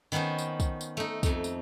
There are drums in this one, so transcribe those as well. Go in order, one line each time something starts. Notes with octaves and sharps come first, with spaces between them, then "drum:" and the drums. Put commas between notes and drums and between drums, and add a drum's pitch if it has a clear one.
D#3 B3 C#4 D#4 C5
drum: tambourine
drum: kick, tambourine
drum: tambourine
A3 D#4
F2 A3, drum: kick, tambourine
drum: tambourine